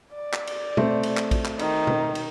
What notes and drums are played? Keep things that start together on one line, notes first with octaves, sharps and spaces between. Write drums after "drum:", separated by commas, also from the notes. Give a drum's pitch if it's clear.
D5
drum: clap
drum: cymbal
A3 C4, drum: tom B2
drum: cymbal
drum: clap
drum: kick A#1, cymbal
drum: clap
D#3, drum: cymbal
drum: tom B2
drum: cymbal